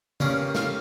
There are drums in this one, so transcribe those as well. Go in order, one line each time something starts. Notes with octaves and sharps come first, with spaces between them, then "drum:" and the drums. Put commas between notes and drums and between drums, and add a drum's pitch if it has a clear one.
G2 G3 A#3 C#4 G#4, drum: tom C#3
F4, drum: snare